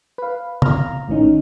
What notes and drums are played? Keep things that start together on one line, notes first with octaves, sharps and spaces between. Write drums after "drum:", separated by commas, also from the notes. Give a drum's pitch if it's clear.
B4 F5
F5 A#5 F6, drum: tom
A#1 A2 D#3 C#4 D#4